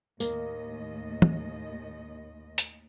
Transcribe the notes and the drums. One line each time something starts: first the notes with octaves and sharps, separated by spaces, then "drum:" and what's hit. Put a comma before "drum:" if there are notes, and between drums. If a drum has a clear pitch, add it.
D#2 A2 A#3 D#5, drum: tambourine
drum: tom
drum: hi-hat